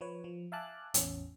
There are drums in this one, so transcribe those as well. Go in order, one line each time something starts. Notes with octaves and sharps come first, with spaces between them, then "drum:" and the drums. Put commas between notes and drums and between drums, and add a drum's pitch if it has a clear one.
F3 B4 C#5
F3
E5 F5 G#5 A5 D6 F#6
A1 E2 C#4, drum: hi-hat